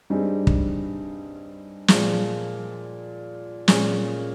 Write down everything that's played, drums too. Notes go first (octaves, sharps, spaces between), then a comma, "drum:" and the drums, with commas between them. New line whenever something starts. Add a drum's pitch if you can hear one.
G2 G3 C4 D#4 G#4
drum: kick
A#2 F3 G#3, drum: snare
A#2 G#3 C#4 G#4, drum: snare